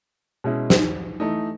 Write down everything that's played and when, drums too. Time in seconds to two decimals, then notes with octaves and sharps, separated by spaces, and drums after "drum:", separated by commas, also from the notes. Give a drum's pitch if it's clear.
0.44 B2 G#3 C#4 E4
0.70 drum: snare
1.20 E3 A3 D#4